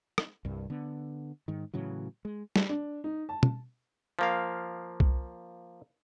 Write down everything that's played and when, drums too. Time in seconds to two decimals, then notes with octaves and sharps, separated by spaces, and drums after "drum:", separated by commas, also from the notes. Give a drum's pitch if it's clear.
0.18 drum: rim click
0.45 C2 G2
0.70 D3 B3
1.48 G#2 D#3
1.74 A2 C#3 E3 F#3
2.25 G#3
2.56 drum: snare
2.69 D4
3.04 D#4
3.29 A5
3.43 drum: tom
4.19 F3 A#3 F5
5.00 drum: kick